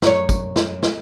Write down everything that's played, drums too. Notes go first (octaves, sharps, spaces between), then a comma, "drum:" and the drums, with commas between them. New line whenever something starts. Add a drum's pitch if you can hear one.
F#2 C#5, drum: snare
drum: kick, tambourine
drum: snare
drum: snare